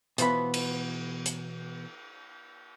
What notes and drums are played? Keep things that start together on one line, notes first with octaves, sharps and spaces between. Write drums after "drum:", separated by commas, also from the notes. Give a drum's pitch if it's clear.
B2 E3 F3 B3 B5, drum: hi-hat
drum: cymbal
drum: hi-hat